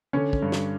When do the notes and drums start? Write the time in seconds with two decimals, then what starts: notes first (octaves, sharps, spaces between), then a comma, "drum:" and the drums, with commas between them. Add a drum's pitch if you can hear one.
0.13 D3 C#4 C#5
0.33 drum: kick
0.42 G2
0.52 drum: snare